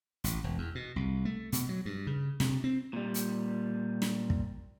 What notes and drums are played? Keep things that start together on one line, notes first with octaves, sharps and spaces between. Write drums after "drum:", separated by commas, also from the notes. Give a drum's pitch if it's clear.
A1, drum: hi-hat
E1
E2
B2
C2
A3
B2, drum: hi-hat
F#3
G2
C#3
C3, drum: snare
C4
A#2 G3
drum: hi-hat
drum: snare
drum: kick